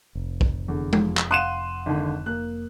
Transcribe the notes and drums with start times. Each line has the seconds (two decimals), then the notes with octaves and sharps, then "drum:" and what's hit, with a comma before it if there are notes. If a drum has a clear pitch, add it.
0.15 F1
0.41 drum: kick B1
0.68 E2 D3
0.93 F3, drum: tom G#3
1.17 drum: clap
1.31 F5 F#5 C6 F#6 D#7 E7
1.86 G#1 D3
2.26 A#3 F#6